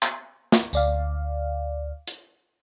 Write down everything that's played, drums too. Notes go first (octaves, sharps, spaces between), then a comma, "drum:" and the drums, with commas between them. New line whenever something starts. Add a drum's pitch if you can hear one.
drum: clap
drum: snare
D2 D5 F5, drum: tambourine
drum: hi-hat